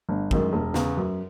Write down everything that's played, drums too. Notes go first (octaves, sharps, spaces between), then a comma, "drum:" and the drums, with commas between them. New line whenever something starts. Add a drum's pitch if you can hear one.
G1
F#2 D#3 G#3, drum: kick
E1
E2 C#3, drum: snare
F#2